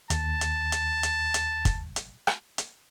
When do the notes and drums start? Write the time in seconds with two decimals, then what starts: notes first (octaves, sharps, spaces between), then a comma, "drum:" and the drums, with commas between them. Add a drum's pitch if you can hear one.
0.10 D#2 A5, drum: hi-hat
0.41 drum: hi-hat
0.72 drum: hi-hat
1.03 drum: hi-hat
1.34 drum: hi-hat
1.65 drum: kick, hi-hat
1.96 drum: hi-hat
2.27 drum: rim click
2.58 drum: hi-hat